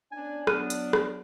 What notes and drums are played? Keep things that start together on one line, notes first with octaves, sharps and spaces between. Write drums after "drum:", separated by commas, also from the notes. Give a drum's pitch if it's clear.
B3 C#4 D4 G#5
F#3 B3 D4 F6 F#6 D#7, drum: rim click
drum: hi-hat
drum: rim click